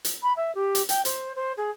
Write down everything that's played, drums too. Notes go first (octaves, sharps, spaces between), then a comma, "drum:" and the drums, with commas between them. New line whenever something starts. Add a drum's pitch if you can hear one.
drum: hi-hat
B5
E5
G4
drum: hi-hat
G5, drum: hi-hat
C5, drum: hi-hat
C5
G#4